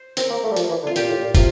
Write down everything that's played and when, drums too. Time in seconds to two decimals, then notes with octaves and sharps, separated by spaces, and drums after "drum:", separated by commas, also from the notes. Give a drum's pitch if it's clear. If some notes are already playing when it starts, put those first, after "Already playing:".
Already playing: C5
0.17 C4 A#4, drum: hi-hat
0.30 A#3
0.43 A3
0.51 G3
0.56 F3, drum: hi-hat
0.69 E3
0.83 D3
0.87 F4
0.96 A#2 G4, drum: hi-hat
1.09 A2
1.22 A#2
1.35 C3 F4, drum: kick, hi-hat